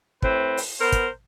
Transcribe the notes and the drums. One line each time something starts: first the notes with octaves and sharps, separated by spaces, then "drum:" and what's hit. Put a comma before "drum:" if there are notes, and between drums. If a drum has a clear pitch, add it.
A2 C4 B4, drum: kick
drum: open hi-hat
B3 A#4 C5
drum: kick, hi-hat